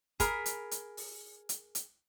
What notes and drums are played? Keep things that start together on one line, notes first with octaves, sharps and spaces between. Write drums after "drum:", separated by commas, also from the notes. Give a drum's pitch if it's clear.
G#4 A#4 B5, drum: kick, hi-hat
drum: hi-hat
drum: hi-hat
drum: open hi-hat
drum: hi-hat
drum: hi-hat